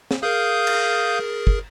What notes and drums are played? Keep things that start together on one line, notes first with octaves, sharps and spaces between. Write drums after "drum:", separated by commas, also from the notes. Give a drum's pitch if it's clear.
drum: snare
G#4 A#4 F5 D#6 G6
drum: cymbal
drum: kick